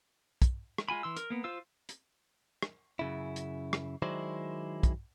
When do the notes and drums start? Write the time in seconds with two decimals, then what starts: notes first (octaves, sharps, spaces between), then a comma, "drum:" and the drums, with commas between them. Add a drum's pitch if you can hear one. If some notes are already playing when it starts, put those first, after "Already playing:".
0.42 drum: kick, hi-hat
0.78 drum: rim click
0.88 G#3 F4 G#5 B5
1.03 E3 C6 E6
1.16 A#4, drum: hi-hat
1.30 A#3 B3
1.44 F4 C5 F5 E6
1.89 drum: hi-hat
2.62 drum: rim click
2.99 F#2 C#3 E4
3.36 drum: hi-hat
3.73 drum: rim click
4.02 D#3 F#3 G#3 E4 C5 D5
4.83 drum: kick, hi-hat